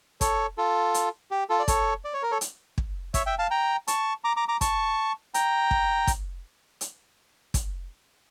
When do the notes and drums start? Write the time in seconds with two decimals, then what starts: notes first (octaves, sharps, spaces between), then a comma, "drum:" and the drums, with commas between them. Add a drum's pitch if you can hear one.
0.21 A4 C#5, drum: kick, hi-hat
0.58 F4 A4
0.94 drum: hi-hat
1.31 G4
1.50 F4 A4
1.59 D5
1.68 A4 C#5, drum: kick, hi-hat
2.05 D5
2.14 C#5
2.22 A#4
2.31 A4 C#5
2.41 drum: hi-hat
2.78 drum: kick
3.14 C#5 E5, drum: kick, hi-hat
3.26 E5 G5
3.39 F5 A5
3.51 G5 A#5
3.88 A5 C#6, drum: hi-hat
4.24 A#5 D6
4.37 A#5 D6
4.48 A#5 D6
4.61 A5 C#6, drum: kick, hi-hat
5.34 G5 A#5, drum: hi-hat
5.71 drum: kick
6.07 drum: kick, hi-hat
6.81 drum: hi-hat
7.54 drum: kick, hi-hat